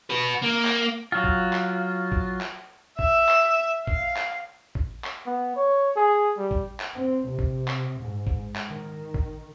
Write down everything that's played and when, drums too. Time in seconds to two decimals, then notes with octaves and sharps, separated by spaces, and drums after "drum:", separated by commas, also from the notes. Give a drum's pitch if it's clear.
0.10 F#4 B4
0.43 A#3
0.65 drum: clap
1.12 F#3 F4
1.24 drum: kick
1.53 drum: clap
2.12 drum: kick
2.41 drum: clap
2.99 E5, drum: kick
3.29 drum: clap
3.87 F5, drum: kick
4.17 drum: clap
4.75 drum: kick
5.05 drum: clap
5.26 B3
5.56 C#5
5.96 G#4
6.38 G3
6.51 drum: kick
6.80 drum: clap
6.95 C4
7.29 C3
7.39 drum: kick
7.68 drum: clap
8.00 G#2
8.27 drum: kick
8.56 drum: clap
8.71 D#3
9.14 drum: kick